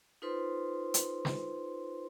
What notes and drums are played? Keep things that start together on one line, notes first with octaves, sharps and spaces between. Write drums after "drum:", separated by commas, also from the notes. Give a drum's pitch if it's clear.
D#4 F4 A4 B4 C5 C6
drum: hi-hat
drum: snare